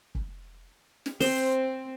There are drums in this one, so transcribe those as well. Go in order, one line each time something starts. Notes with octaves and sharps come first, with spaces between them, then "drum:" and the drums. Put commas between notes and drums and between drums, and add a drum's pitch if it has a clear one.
drum: kick
drum: snare
C4 C5, drum: open hi-hat